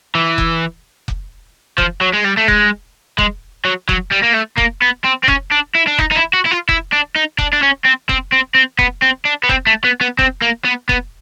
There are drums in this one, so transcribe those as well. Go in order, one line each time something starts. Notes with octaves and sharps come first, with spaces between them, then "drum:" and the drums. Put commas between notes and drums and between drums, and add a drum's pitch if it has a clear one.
E3
drum: kick F1
drum: kick F1
F3, drum: kick F1
F#3
G#3
G3
A3
G#3, drum: kick F1
G#3, drum: kick F1
F#3
F#3, drum: kick F1
G3
A#3
A3
A#3, drum: kick F1
B3
C4
C4
C#4, drum: kick F1
D4
E4
D4
D#4, drum: kick F1
D#4
E4
F#4
E4
F4
E4, drum: kick F1
D4
D#4
D4, drum: kick F1
D4
C#4
C4
C4, drum: kick F1
C4
C4
B3, drum: kick F1
C4
D4
B3
C4, drum: kick F1
A3
B3
B3
C4, drum: kick F1
A#3
B3
B3, drum: kick F1